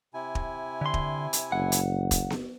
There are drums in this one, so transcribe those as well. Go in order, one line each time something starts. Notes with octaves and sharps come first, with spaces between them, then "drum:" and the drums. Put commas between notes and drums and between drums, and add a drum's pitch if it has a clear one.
C3 E4 G#5
drum: kick
D3 C6
drum: kick
drum: hi-hat
F#1 F#5
drum: hi-hat
drum: kick, hi-hat
drum: snare B3